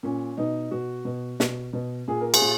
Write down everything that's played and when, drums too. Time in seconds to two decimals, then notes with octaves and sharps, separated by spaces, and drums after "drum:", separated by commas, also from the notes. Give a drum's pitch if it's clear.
0.03 A#2 C#4
0.37 B2 D#4
0.71 B2 F#4
1.05 B2
1.40 B2, drum: snare
1.73 B2
2.08 A#2 G#4
2.21 A#4
2.34 G#4, drum: cymbal
2.42 A#2